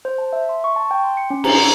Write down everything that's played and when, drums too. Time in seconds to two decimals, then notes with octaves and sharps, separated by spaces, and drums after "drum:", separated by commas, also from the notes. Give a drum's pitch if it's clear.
0.05 C5
0.18 A5
0.33 E5
0.49 C6
0.64 C#6
0.76 A5
0.91 G5
1.04 C6
1.17 C#7
1.30 C#4
1.44 A#5, drum: cymbal
1.58 G#4